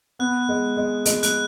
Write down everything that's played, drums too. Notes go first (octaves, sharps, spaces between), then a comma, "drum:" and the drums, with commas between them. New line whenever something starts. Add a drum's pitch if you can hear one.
B3 F#6
G#3
G#3
G#3, drum: hi-hat
F#6, drum: hi-hat